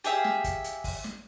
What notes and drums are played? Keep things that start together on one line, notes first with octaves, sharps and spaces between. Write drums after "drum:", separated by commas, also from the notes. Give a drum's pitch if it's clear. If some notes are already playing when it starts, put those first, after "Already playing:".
G4 G#4 E5 F5, drum: hi-hat
drum: snare
drum: kick, hi-hat
drum: hi-hat
drum: kick, open hi-hat
drum: snare